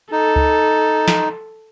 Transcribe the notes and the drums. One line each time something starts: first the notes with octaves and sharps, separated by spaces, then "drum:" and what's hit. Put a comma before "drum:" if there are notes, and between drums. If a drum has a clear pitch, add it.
D#4 A4
drum: kick C#2
drum: snare